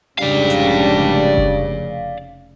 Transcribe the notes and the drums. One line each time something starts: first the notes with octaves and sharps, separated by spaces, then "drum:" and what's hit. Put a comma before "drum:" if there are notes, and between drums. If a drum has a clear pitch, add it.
F1 G#2 C#3 G3 D4 D5 F5
drum: hi-hat
drum: kick F#1